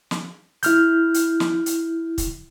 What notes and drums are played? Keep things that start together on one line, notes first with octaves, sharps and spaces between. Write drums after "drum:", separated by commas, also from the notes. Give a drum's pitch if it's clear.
drum: snare
E4 F6 G6, drum: hi-hat
drum: hi-hat
drum: snare
drum: hi-hat
drum: kick, hi-hat